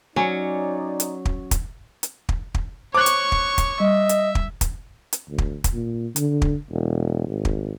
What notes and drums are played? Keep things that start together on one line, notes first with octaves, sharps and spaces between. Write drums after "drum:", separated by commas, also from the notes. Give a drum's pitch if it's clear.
F#3 C#4 D#4 D5
drum: hi-hat
drum: kick
drum: kick, hi-hat
drum: hi-hat
drum: kick
drum: kick
C5 C#5 C#6 D6 F#6
drum: hi-hat
drum: kick
drum: kick, hi-hat
G3 D#5 E5
drum: hi-hat
drum: kick
drum: kick, hi-hat
drum: hi-hat
D2
drum: kick
drum: kick, hi-hat
A#2
D3, drum: hi-hat
drum: kick
E1
G#1
drum: kick